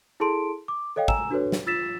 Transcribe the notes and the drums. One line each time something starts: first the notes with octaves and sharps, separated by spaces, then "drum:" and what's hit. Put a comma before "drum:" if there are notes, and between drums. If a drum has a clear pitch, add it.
E4 G#4 A4 A5 C6 D7
D6
A4 C#5 D#5 F5 G5
G#5 A#5 E6 E7, drum: kick
D4 F#4 A4 B4 C#5
drum: snare
F4 E6 A6 B6 E7